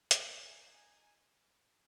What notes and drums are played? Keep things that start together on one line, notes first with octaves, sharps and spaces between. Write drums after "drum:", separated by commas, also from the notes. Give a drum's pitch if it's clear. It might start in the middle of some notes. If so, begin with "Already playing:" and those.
D#4 G#5, drum: hi-hat